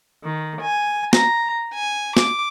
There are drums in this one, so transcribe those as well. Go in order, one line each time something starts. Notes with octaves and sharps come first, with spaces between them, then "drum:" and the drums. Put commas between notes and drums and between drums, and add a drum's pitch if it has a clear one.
D#3
G#5
A#5, drum: snare
G#5
D6, drum: snare